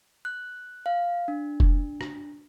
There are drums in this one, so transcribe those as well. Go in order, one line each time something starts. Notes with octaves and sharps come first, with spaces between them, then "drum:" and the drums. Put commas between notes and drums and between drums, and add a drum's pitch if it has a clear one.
F#6
F5
D4
drum: kick F1
drum: rim click